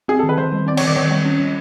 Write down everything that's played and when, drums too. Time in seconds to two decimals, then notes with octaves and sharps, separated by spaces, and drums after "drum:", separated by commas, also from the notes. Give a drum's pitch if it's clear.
0.08 C4 G#4
0.19 A4
0.23 D#3
0.29 B4
0.38 D#3 C5
0.52 G3
0.67 C4 D5
0.77 C#5, drum: cymbal
0.81 D#3
0.86 D5
0.96 D#3 C#5
1.11 G3 C#5
1.25 C#4
1.40 G3